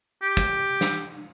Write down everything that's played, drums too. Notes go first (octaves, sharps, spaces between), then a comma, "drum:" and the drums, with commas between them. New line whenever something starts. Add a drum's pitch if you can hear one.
G4
drum: kick
drum: snare